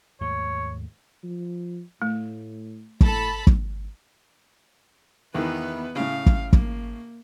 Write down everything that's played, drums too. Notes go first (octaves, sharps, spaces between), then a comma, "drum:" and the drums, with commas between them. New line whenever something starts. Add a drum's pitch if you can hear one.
D#2 G#2 A3 C#5
F3
A2 A3
A2 A4 A5 B5, drum: kick
drum: kick
E2 D#3 E3 B3 B4
A2 C#3 F5
drum: kick
A#3, drum: kick